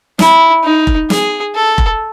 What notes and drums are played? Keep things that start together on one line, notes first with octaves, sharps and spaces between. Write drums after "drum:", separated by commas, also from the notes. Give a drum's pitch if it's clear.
E4, drum: snare
D#4
drum: kick F1
G#4, drum: snare
A4
drum: kick F1